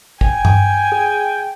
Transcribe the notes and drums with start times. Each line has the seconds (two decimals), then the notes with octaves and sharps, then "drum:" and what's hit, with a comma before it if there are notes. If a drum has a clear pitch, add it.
0.21 G5 G#5, drum: kick
0.45 drum: tom G2
0.92 G#4